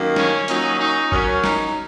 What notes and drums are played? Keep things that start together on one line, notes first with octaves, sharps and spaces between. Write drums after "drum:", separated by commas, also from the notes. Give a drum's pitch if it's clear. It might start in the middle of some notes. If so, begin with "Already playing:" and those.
Already playing: F#2 D#3 A#3
C#4, drum: snare
A#2 F#3 C#4 D#4, drum: hi-hat
D#4
F#2 F#3 C#4, drum: kick
D#4, drum: snare